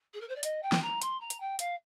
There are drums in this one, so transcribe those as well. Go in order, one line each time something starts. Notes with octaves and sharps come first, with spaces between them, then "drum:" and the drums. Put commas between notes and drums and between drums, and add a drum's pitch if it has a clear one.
G#4
A#4
C5
D5
D#5, drum: hi-hat
G5
drum: snare
A#5
C6, drum: hi-hat
A#5
drum: hi-hat
G5
F5, drum: hi-hat